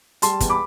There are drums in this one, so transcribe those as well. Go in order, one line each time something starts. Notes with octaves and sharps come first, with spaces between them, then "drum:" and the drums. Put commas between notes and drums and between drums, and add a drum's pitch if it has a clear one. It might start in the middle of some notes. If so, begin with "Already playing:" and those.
G3 A5 C6, drum: hi-hat
E2, drum: kick, hi-hat
B5 D6